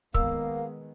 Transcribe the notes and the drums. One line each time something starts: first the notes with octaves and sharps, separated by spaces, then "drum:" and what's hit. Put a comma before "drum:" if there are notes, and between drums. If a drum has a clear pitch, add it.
D#3 G#3 A#3 B3 F5 E6, drum: kick